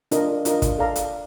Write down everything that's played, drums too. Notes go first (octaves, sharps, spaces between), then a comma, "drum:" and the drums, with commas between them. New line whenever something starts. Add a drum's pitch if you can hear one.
D4 F4 A#4 D#5, drum: hi-hat
D4 F4 A#4 D#5, drum: hi-hat
drum: kick, hi-hat
A4 D5 F5 A#5
drum: hi-hat